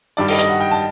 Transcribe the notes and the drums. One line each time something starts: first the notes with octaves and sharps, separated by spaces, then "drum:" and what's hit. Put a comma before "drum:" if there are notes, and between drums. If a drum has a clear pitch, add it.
G2 D#3 G3 D5
D#5, drum: open hi-hat
D#5, drum: hi-hat
F#5
G5
A5